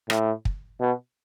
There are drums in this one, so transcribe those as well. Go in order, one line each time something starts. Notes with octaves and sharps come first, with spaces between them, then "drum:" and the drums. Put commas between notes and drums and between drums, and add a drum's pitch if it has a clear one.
A2, drum: rim click
drum: kick
B2